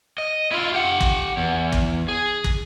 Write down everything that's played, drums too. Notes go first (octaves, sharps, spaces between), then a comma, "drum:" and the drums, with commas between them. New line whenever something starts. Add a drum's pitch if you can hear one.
D#5
E4 F4
G4 F#5
drum: kick
E2
drum: kick
G#4
drum: kick